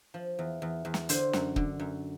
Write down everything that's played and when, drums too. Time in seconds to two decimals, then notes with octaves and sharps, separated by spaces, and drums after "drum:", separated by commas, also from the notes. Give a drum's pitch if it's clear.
0.14 F3
0.39 E2
0.62 E2
0.85 E2
0.94 drum: snare
1.09 D3 C5, drum: hi-hat
1.33 F#2, drum: snare
1.56 D3, drum: kick
1.80 F#2